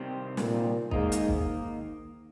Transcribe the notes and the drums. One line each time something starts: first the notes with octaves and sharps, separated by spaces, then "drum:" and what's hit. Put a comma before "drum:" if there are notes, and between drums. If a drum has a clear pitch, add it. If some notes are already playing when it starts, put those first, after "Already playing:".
Already playing: C3 D#3 G3 C4
A#2, drum: snare
G#2 D#3 A#3 D#4, drum: kick
drum: hi-hat
drum: kick